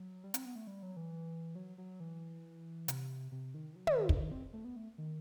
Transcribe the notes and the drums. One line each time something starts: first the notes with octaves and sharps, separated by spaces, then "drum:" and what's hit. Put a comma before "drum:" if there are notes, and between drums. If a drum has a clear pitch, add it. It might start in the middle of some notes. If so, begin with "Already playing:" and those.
Already playing: F#3
G3
C4, drum: hi-hat
B3
A3
G3
F#3
E3
F#3
F#3
E3
C3, drum: hi-hat
C3
D#3
E3
F#3
D#3, drum: tom
D#3
C3, drum: kick
D#3
C4
A3
B3
A3
D#3